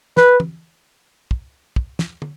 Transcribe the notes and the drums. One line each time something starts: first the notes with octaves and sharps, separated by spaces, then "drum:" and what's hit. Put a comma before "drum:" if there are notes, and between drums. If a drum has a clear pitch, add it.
B4, drum: snare
drum: tom
drum: kick
drum: kick
drum: snare
drum: tom